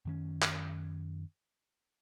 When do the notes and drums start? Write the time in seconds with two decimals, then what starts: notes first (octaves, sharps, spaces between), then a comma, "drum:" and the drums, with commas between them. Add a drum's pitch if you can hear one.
0.05 F#2 D#3 C#4
0.42 drum: clap